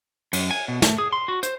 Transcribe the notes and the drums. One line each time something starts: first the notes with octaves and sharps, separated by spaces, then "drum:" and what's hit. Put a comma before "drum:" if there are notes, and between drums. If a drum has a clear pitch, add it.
F#2, drum: cymbal
G#5
B2
A3, drum: snare
G#4
C6
F#4
C5, drum: hi-hat